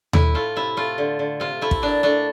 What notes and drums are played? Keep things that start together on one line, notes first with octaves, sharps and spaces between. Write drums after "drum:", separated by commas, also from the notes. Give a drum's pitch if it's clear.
A2 E4, drum: tom D#2
A3 F4
C3 E4
A3 F4
D3
D3
C3 F4
A3 E4
drum: kick
A#2 D4
A3 D4